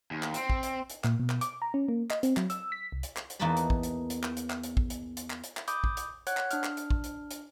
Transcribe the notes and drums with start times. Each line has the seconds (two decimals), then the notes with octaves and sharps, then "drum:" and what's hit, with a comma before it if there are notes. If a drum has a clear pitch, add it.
0.11 D#2
0.23 drum: clap
0.34 C4, drum: hi-hat
0.50 drum: kick
0.63 drum: hi-hat
0.90 drum: hi-hat
1.04 A#2, drum: clap
1.20 B2
1.30 drum: clap
1.41 D6, drum: hi-hat
1.62 A#5
1.74 C#4
1.89 A#3
2.10 D#5, drum: clap
2.23 C4, drum: hi-hat
2.37 F#3, drum: clap
2.50 E6, drum: hi-hat
2.72 B6
2.92 C2
3.03 drum: hi-hat
3.17 drum: clap
3.30 drum: hi-hat
3.39 E2 A#3 D#4 B4 A5 B5
3.57 drum: hi-hat
3.70 drum: kick
3.83 drum: hi-hat
4.10 drum: hi-hat
4.23 drum: clap
4.37 drum: hi-hat
4.50 drum: clap
4.63 drum: hi-hat
4.77 drum: kick
4.90 drum: hi-hat
5.17 drum: hi-hat
5.30 drum: clap
5.44 drum: hi-hat
5.57 drum: clap
5.68 B5 D6 D#6 G6, drum: hi-hat
5.84 drum: kick
5.97 drum: hi-hat
6.27 C#5 F#5 F#6, drum: hi-hat
6.37 drum: clap
6.51 D4 F6, drum: hi-hat
6.64 drum: clap
6.77 drum: hi-hat
6.90 drum: kick
7.04 drum: hi-hat
7.31 drum: hi-hat